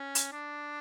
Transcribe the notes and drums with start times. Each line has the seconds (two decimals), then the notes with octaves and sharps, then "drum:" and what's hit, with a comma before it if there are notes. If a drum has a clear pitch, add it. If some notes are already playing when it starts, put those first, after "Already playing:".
Already playing: C#4
0.15 drum: hi-hat
0.32 D4